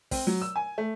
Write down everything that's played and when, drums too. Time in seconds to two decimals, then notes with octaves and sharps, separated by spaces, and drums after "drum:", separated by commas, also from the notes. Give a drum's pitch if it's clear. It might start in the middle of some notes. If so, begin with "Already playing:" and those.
0.11 C4, drum: kick, open hi-hat
0.27 F#3
0.42 E6
0.56 G#5
0.78 A3